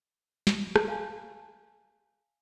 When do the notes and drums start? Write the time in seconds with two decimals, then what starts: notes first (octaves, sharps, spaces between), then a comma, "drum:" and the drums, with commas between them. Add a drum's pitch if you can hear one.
0.47 drum: snare
0.76 drum: rim click
0.88 F5 G#5 A5